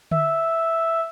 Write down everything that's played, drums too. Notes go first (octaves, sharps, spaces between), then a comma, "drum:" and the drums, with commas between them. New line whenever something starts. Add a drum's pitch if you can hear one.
E5, drum: tom D3